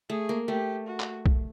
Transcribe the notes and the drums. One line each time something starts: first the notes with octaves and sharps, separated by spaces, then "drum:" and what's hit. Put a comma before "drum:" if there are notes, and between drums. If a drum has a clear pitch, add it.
A3 G#4
A#3
A3 G4
F#4
drum: clap
drum: kick B1